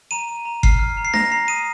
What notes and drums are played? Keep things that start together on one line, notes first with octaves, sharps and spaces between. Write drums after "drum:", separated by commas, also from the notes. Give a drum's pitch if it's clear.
A#5 D#7
A#5
A#5
F6 C7, drum: kick G1
F6
A#5
C7
A#5 A#6, drum: snare D4
A#5 C7
D#6 D#7